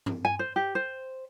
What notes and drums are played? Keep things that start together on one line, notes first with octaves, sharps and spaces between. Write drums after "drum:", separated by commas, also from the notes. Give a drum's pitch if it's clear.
drum: tom
G#5
C5
G4
C5